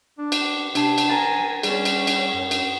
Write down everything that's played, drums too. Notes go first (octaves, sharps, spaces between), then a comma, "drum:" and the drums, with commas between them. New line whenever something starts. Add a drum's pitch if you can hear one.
D4
drum: cymbal
C3 D4 A5 C7, drum: cymbal
drum: cymbal
A#4 G#5 A#5 A6
G3 C#4 G#4, drum: cymbal
drum: cymbal
drum: cymbal
F#2
drum: cymbal